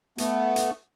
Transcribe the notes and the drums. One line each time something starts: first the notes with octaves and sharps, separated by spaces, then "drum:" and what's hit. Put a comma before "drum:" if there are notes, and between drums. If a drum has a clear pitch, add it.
A3 B3, drum: hi-hat
drum: hi-hat